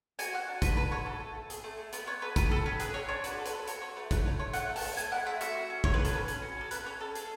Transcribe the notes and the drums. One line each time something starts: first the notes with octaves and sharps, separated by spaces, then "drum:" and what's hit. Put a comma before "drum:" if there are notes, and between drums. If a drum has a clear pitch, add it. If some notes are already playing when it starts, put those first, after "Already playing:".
F#4 G#5, drum: hi-hat
F#4 F#5
D4
A4 B4, drum: kick, hi-hat
A4 B4
F#4 C#5
A3 A4
A4
A4
G#4, drum: hi-hat
A3
A3
B3 B4, drum: hi-hat
B3 C#5
A4 B4
A4 B4, drum: kick, hi-hat
F#4 A4
C#4 B4
G#4 B4, drum: hi-hat
G#4 C#5
D4 C#5
F#4 B4, drum: hi-hat
A4
B4, drum: hi-hat
A4
F#4 C#5, drum: hi-hat
F#4 C#5
A3 B4
A3 B4, drum: kick, hi-hat
A3 C#5
A3 C#5
A3 F#5, drum: hi-hat
A3
A5, drum: open hi-hat
A3
A3 G#5, drum: hi-hat
E4 F#5
A3 E5
F#4 E5, drum: hi-hat
F#4
C#4
C#4 C#5, drum: kick
B4
G#4
A4, drum: hi-hat
C#4 B4
C#4, drum: hi-hat
F#4
C#4 A4
A4 B4, drum: hi-hat
C#4 C#5
C#4 A4
G#4, drum: hi-hat